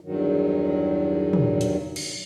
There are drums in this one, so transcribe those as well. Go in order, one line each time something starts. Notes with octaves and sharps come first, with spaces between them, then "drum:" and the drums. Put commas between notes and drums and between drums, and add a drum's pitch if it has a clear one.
E2 G2 D#3 F#3
drum: tom
drum: hi-hat
drum: cymbal